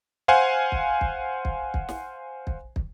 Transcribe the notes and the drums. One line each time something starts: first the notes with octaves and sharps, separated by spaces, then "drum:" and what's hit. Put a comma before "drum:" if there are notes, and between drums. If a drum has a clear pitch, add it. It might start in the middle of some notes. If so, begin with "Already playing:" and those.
C5 F5 F#5 G#5
drum: kick
drum: kick
drum: kick
drum: kick
drum: snare
drum: kick
drum: kick